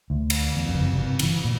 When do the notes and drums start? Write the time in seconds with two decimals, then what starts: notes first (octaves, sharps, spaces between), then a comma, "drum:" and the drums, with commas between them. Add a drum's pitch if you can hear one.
0.10 D2
0.30 drum: cymbal
0.56 E2
0.69 F#1 F2
0.93 G1 C3
1.19 D3 E3, drum: cymbal
1.44 A#2